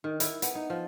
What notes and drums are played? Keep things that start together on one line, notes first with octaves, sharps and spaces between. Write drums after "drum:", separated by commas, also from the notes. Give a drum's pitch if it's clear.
D#3
E4, drum: hi-hat
B3, drum: hi-hat
D#4
F3